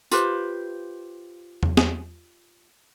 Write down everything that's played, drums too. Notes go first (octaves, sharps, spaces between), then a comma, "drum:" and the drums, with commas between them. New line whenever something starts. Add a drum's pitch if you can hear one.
F4 G4 B4 C5, drum: tambourine
drum: tom E2
drum: snare